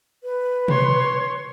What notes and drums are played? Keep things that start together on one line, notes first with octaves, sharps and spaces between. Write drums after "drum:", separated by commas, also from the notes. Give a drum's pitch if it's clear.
B4
C#5 C6, drum: tom B2